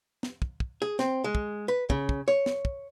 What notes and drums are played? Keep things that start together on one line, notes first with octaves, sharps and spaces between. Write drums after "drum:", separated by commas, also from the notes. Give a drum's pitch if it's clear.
drum: snare
drum: kick
drum: kick
G#4
C4, drum: snare
G#3
drum: kick
B4
C#3, drum: kick
drum: kick
C#5
drum: snare
drum: kick